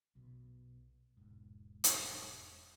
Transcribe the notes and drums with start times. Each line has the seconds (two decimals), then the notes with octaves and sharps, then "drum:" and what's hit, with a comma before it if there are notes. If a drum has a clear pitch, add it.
0.16 B1 B2
1.17 E1 G#2
1.84 drum: hi-hat